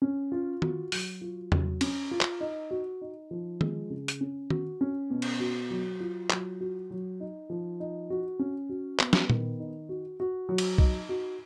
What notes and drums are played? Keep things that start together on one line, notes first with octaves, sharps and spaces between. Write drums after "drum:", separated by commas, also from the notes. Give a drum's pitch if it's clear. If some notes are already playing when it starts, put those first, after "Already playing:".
C#4
F4
F#4, drum: tom D#3
F#3, drum: open hi-hat
F4
F#3, drum: tom E2
C#4, drum: cymbal
F4
drum: clap
D#4
F#4
D#4
F3
G#3, drum: tom D#3
C#3
drum: hi-hat
C#4
F#4, drum: tom D#3
C#4
B2
drum: cymbal
F#4
F#3
F4
F#3, drum: clap
F#4
F#3
D#4
F3
D#4
F#4
C#4
F#4
B3, drum: clap
drum: snare
D#3, drum: tom A#2
D#4
F#4
F#4
F#3
drum: cymbal
D#4, drum: kick B1
F#4